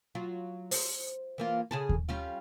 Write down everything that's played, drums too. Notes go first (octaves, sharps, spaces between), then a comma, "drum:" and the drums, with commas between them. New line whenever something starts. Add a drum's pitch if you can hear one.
F#3 F4
C5, drum: open hi-hat
E3 A#3 F4
C#3 G#4 A4
drum: kick D#2
G3 C#4 F4